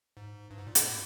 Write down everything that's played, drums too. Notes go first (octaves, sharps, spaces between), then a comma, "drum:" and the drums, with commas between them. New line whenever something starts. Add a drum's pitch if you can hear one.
G#2
G2
G#2
A#2
G#2, drum: hi-hat